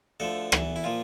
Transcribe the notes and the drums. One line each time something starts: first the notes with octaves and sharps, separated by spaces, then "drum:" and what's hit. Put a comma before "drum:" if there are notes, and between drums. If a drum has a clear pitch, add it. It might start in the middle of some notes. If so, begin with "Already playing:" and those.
D2 D3 F3 A4
E2 E3, drum: rim click
E4
A#2 F3 F4